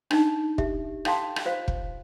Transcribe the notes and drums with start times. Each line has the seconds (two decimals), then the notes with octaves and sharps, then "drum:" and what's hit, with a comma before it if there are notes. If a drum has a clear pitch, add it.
0.11 D4 D#4, drum: rim click
0.58 G4 E5, drum: kick
1.05 E4 A4 F5 G5 A5 C6, drum: rim click
1.36 drum: rim click
1.45 F4 C5 F5
1.68 drum: kick